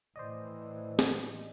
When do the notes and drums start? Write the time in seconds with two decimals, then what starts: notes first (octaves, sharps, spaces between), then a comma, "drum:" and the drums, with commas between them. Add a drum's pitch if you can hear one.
0.16 A2 E3 C5 D5 D#5
0.99 drum: snare